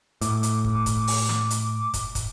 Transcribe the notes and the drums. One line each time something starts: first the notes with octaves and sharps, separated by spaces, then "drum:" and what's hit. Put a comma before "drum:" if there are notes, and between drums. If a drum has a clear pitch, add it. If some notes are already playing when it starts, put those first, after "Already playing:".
A2 D6, drum: hi-hat
drum: hi-hat
drum: kick
drum: kick, hi-hat
drum: open hi-hat
drum: snare
drum: hi-hat
drum: kick, hi-hat
drum: kick, hi-hat